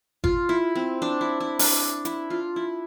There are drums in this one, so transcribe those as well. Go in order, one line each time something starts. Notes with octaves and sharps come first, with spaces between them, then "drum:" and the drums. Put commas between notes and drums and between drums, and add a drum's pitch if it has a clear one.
F4, drum: kick G1
E4
C4
D4
E4
E4
D4, drum: open hi-hat
E4, drum: hi-hat
F4
E4